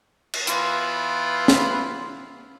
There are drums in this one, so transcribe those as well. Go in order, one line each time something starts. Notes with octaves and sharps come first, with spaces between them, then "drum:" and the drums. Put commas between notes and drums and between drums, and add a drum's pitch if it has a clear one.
drum: cymbal
E3 B3 F4, drum: hi-hat
drum: snare